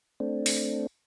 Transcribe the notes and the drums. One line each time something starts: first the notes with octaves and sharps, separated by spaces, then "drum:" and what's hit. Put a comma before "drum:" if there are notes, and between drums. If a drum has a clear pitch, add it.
A3 C4 D4
drum: open hi-hat